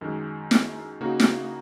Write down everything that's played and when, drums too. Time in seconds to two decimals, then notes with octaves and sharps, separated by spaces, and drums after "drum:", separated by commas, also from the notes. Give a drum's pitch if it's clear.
0.01 F#2 D#3 G#3
0.51 drum: snare
1.01 C#3 A#3 D#4 F#4
1.20 drum: snare